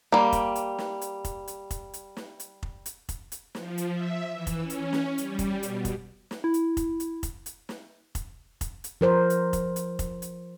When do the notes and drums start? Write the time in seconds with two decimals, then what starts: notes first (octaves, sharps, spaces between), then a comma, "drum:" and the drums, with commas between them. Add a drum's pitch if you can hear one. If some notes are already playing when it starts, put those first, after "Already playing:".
0.12 G3 A#3
0.32 drum: kick F1, hi-hat
0.55 drum: hi-hat
0.78 drum: snare
1.02 drum: hi-hat
1.25 drum: kick F1, hi-hat
1.48 drum: hi-hat
1.71 drum: kick F1, hi-hat
1.94 drum: hi-hat
2.17 drum: snare
2.40 drum: hi-hat
2.63 drum: kick F1
2.86 drum: hi-hat
3.09 drum: kick F1, hi-hat
3.32 drum: hi-hat
3.55 F3, drum: snare
3.78 drum: hi-hat
3.92 E5
4.31 E3
4.47 drum: kick F1, hi-hat
4.60 C#4
4.70 drum: hi-hat
4.93 drum: snare
5.18 G3, drum: hi-hat
5.39 drum: kick F1, hi-hat
5.63 B2, drum: hi-hat
5.85 drum: kick F1, hi-hat
6.31 drum: snare
6.44 E4
6.54 drum: hi-hat
6.77 drum: kick F1, hi-hat
7.00 drum: hi-hat
7.23 drum: kick F1, hi-hat
7.46 drum: hi-hat
7.69 drum: snare
8.15 drum: kick F1, hi-hat
8.61 drum: kick F1, hi-hat
8.84 drum: hi-hat
9.01 F3 A#4 C5
9.30 drum: hi-hat
9.53 drum: kick F1, hi-hat
9.76 drum: hi-hat
9.99 drum: kick F1, hi-hat
10.22 drum: hi-hat